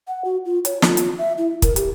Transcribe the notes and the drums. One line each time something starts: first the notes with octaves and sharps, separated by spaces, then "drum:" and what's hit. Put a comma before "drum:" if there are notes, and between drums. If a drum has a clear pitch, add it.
F#5
F#4
F4
C#5, drum: hi-hat
F4, drum: snare
drum: hi-hat
E5
E4
A#4, drum: kick, hi-hat
G4, drum: hi-hat